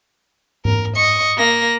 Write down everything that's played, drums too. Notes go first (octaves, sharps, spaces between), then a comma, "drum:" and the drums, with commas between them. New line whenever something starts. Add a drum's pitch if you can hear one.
A#4, drum: tom G#2
D#5 C#6
A#3 A#6